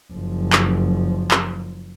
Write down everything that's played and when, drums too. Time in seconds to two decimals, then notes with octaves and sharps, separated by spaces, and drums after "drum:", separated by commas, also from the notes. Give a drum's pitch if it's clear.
0.13 F#1 F3
0.53 drum: clap
1.31 drum: clap